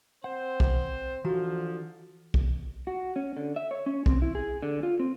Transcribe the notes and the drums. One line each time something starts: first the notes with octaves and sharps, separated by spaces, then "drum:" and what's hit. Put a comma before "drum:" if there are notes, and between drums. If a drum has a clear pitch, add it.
C4 C5 F#5
drum: kick
D3 E3 F3 F#4 G4 A#5
drum: kick
F#4
C#4
D3
E5
C#5
C#4
C4, drum: kick
E4
G#4
D3
F4
C4